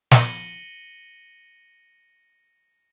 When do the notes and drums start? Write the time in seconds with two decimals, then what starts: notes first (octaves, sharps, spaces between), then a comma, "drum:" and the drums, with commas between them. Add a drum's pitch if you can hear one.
0.11 A#6 C#7 D#7 F#7 G7, drum: snare